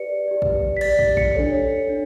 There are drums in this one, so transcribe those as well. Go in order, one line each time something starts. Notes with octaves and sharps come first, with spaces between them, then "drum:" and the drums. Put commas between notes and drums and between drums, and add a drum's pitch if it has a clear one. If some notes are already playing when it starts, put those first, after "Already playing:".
Already playing: G4 B4 D5 C#7
G4 D5
drum: kick
B6
G4 D5 A6, drum: cymbal
drum: kick
C#7, drum: kick
D4 A4 C#5
D4